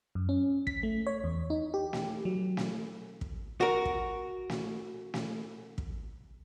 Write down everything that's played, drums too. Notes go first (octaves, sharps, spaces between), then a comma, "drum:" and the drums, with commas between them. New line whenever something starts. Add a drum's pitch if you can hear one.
F#2
C#4
B6, drum: kick
A3
C#5
E2
D#4
G4
drum: snare
F#3
drum: snare
drum: kick
F#4 A#4
drum: kick
drum: snare
drum: snare
drum: kick